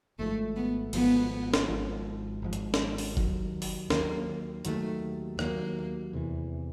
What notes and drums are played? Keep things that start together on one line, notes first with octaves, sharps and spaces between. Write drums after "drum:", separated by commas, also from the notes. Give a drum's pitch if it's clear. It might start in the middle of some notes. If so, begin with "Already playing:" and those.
G#1 G#2 F3 A3
B3
G#1 G#2 F3 B3, drum: cymbal
drum: snare
G#1 G#2 F3
G#1 G#2 F3
drum: hi-hat
drum: snare
drum: open hi-hat
D#2 D#3 F#3, drum: kick F#1
drum: open hi-hat
D#2 D#3 F#3 A#3, drum: snare
D#2 D#3 F#3 A3, drum: hi-hat
D#2 D#3 F#3 A#3, drum: rim click
E2 C3 E3